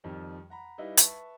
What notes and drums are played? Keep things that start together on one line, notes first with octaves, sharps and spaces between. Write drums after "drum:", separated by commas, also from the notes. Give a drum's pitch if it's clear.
F2 D#3 F3 G3
F#5 A#5 B5
G3 D#4 E4 B4 F5
B4 E5 A5 C#6, drum: hi-hat